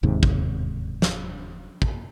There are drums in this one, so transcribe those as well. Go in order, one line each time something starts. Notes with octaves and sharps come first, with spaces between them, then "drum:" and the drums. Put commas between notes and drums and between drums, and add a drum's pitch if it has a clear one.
E1 D#2 G#2 C3
drum: kick
drum: snare
drum: kick